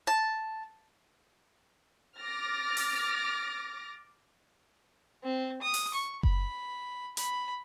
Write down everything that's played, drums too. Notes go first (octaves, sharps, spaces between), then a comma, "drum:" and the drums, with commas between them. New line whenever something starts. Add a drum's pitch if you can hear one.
A5
D6 F6 A6 A#6
drum: open hi-hat
C4
D#6
drum: open hi-hat
C#6
B5, drum: kick F#1
B5, drum: hi-hat